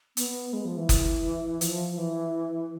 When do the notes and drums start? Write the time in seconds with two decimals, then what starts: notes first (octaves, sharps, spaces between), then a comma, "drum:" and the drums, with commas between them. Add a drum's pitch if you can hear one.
0.17 B3, drum: hi-hat
0.53 G#3
0.65 F3
0.77 E3
0.89 drum: kick F#1, hi-hat
1.61 F3, drum: hi-hat
1.97 E3